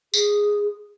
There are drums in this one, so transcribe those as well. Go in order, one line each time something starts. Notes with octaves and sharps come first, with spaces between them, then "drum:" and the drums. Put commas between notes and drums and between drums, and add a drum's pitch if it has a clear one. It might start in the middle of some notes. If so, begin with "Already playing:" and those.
G#4, drum: tambourine